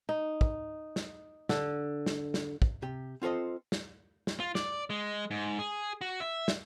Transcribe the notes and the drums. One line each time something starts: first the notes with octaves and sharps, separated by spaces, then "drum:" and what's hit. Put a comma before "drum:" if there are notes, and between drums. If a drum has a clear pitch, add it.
D#4
drum: kick
drum: snare
D3, drum: snare
drum: snare
drum: snare
drum: kick
C3 G4
C4 F4 A4 C5 D#5
drum: snare
drum: snare
F4
D5, drum: snare
G#3
G#2
G#4
F#4
E5
drum: snare